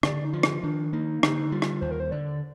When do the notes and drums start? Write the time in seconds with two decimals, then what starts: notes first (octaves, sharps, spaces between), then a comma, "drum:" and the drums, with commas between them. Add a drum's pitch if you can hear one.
0.03 D3 D5, drum: rim click
0.25 D#4
0.33 F3 F4
0.43 drum: rim click
0.63 D#3 D4
0.93 A#3 D#4
1.23 D3 D#4, drum: rim click
1.52 G3 F4
1.62 drum: rim click
1.81 D#2 C5
1.91 A#4
2.00 C5
2.11 D3 D5